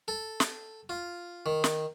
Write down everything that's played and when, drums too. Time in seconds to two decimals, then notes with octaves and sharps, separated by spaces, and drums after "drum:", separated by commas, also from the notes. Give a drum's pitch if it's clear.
0.08 A4
0.40 drum: snare
0.89 F4
1.46 D#3
1.64 drum: snare